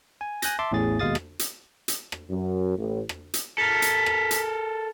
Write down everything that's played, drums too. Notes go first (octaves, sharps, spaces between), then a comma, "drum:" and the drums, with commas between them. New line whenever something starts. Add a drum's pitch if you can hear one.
G#5
G#5 F#6 G6 A#6, drum: hi-hat
E5 A5 C6 D6
A1 E2 A2 G#4 A6
D#2 B2 G#3 F5 D#6 A6
drum: rim click
drum: hi-hat
drum: hi-hat
drum: rim click
F#2
A1
drum: rim click
drum: hi-hat
A4 A#4 B6
drum: hi-hat
drum: rim click
drum: hi-hat